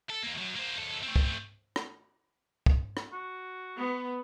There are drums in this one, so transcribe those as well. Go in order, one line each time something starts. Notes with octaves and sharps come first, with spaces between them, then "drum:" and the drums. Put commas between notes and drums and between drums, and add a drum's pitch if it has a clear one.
A4
D#2 A#3
F#2 F#3
A#3 C5
D#2 A4
A3 C4
drum: kick
drum: rim click
drum: kick
drum: rim click
F#4
B3